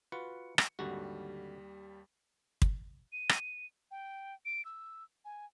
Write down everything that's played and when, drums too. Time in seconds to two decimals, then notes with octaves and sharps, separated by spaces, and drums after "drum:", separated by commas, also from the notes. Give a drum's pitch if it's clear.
0.12 F4 F#4 B4 C#7
0.58 drum: rim click
0.79 G#1 D#2 D3 G3 F#4
2.62 drum: kick
3.13 D#7
3.29 drum: rim click
3.91 G5
4.46 D7
4.65 E6
5.25 G#5